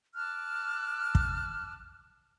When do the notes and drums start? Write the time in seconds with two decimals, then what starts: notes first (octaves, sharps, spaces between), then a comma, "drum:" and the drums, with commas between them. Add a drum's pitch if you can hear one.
0.15 A5 D6 F6 F#6
1.15 drum: kick